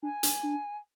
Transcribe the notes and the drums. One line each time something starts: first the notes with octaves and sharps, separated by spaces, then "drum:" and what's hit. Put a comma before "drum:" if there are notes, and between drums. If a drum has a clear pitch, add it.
D4 G#5
D4, drum: hi-hat
D4